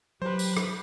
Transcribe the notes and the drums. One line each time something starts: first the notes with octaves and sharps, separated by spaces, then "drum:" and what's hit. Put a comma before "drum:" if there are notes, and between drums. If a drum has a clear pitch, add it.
F#3 G4 B4 C5
drum: tambourine
drum: rim click